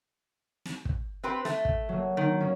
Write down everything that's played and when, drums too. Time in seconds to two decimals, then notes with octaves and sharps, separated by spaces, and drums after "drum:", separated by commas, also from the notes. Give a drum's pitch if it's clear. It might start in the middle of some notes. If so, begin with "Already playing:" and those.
0.65 drum: snare
0.85 drum: kick
1.24 C4 G4 B4
1.45 A3, drum: snare
1.65 drum: kick
1.89 F#3 A#3
2.17 D#3
2.40 A#3 C#4